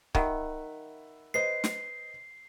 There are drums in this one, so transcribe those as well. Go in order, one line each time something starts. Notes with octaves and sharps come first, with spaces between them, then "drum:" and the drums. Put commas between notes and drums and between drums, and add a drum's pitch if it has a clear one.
D#3 E5 F#5 B5, drum: kick C#1
B4 C5 D#5 C7
drum: snare